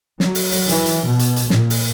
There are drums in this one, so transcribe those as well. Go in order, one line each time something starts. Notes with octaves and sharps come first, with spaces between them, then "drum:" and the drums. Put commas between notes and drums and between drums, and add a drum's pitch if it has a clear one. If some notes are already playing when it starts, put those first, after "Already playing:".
F#3, drum: snare
drum: open hi-hat
drum: open hi-hat
E3, drum: hi-hat
drum: hi-hat
B2
drum: hi-hat
drum: hi-hat
A#2, drum: snare
drum: open hi-hat